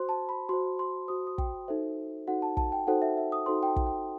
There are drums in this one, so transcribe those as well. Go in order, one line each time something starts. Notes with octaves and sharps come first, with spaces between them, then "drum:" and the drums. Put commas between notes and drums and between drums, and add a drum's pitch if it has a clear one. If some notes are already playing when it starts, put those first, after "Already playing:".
Already playing: F#4 C5 C6
A5
B5
F#4 C5 C6
C6
F#4 C5 D#6
D#6
G5, drum: kick
D#4 F#4 A4 C5 E5
D#4 F#4 A4 C5 F#5
A5
A5, drum: kick
G5
D#4 F#4 A4 C5 F#5
E5
E5
D#6
D#4 F#4 A4 C5 C6
G5
A5
drum: kick
G5